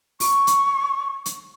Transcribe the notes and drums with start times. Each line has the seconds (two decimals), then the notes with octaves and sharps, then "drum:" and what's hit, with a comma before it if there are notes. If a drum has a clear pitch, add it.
0.20 C#6, drum: open hi-hat
0.47 drum: hi-hat
1.26 drum: hi-hat